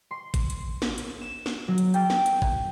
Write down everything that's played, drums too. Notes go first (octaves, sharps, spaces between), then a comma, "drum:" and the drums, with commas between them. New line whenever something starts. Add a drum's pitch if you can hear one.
C6
drum: kick G#1, hi-hat
drum: hi-hat
drum: snare
drum: hi-hat
E7
drum: snare
F#3
drum: hi-hat
G5, drum: hi-hat
drum: snare
drum: hi-hat
drum: kick G#1